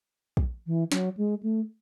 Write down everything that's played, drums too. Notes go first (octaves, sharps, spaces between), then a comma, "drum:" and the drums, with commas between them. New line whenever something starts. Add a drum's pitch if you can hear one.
drum: kick
E3
F#3, drum: snare
G#3
A3